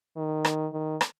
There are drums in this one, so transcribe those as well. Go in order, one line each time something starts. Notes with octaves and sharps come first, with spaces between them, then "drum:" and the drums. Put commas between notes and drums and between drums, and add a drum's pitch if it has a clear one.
D#3
drum: rim click
D#3
drum: rim click